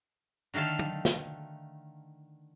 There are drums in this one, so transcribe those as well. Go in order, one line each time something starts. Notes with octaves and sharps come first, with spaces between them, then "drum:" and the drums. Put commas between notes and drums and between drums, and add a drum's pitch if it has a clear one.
D3 D#3 A3 F5 A5
drum: tom
drum: snare